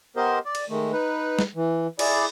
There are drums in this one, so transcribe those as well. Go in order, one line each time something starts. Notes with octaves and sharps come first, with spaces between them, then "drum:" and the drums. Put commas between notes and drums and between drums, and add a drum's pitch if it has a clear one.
B3 G4 A#4 C5 D#5
D5
drum: cymbal
D#3 G#3 A3
D#4 B4
drum: snare
E3
E4 G#4 D5, drum: cymbal